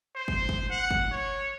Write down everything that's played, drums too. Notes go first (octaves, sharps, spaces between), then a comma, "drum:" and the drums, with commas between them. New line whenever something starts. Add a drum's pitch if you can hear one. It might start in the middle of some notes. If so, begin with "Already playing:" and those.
C5
drum: kick
drum: kick
F#5
drum: kick
C#5